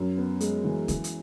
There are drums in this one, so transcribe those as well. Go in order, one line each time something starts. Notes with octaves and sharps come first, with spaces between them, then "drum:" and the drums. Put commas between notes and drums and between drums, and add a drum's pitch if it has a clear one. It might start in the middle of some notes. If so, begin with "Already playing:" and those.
Already playing: F#2
B3
G#3, drum: hi-hat
E3
E3, drum: kick, hi-hat
drum: hi-hat